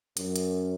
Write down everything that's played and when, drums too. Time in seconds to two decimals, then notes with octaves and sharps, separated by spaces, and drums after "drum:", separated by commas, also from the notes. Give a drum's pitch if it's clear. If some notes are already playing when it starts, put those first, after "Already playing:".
0.17 F#2, drum: hi-hat
0.36 drum: hi-hat